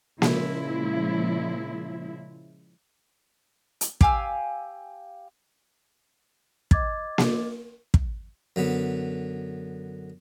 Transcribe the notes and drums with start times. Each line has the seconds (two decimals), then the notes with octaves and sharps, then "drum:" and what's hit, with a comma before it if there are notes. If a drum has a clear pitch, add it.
0.22 A#2 C#3 F3 G#3 E4, drum: snare A#3
3.81 drum: hi-hat
4.01 G4 F5 G#5 E6, drum: kick
6.71 D#5 D6 G#6 A6, drum: kick
7.18 drum: snare A#3
7.94 drum: kick
8.56 F#2 D3 B3